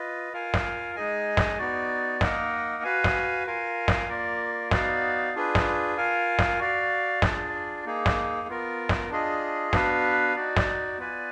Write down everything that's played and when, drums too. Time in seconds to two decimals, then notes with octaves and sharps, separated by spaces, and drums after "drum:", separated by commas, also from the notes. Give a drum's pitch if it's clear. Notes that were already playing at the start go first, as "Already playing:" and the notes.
Already playing: F4 B4 D#5
0.33 F4 A#4 F5 G#5
0.54 drum: snare
0.95 G#3 D#4 G#4 D#5 G#5
1.37 drum: snare
1.58 B3 D#4 F#4 D5
2.21 A#3 D#4 A#4 D#5 F#5, drum: snare
2.83 F#4 B4 F5 G#5
3.04 drum: snare
3.47 F4 A#4 F5 G#5
3.88 drum: snare
4.09 A#3 F4 A#4 D5
4.71 B3 D#4 F#4 D5 F5, drum: snare
5.35 D4 F4 G#4 B4
5.55 drum: snare
5.97 F4 A#4 F5 G#5
6.39 drum: snare
6.60 F#4 D5 F5
7.22 D4 F4 G#4 D5, drum: snare
7.85 A#3 D#4 G#4
8.06 drum: snare
8.48 B3 F4 A#4
8.89 drum: snare
9.10 D4 F4 G#4 D#5
9.73 B3 D4 F#4 B4 F5, drum: snare
10.36 D#4 F#4 D5
10.57 drum: snare
10.98 B3 F4 B4 D5 G#5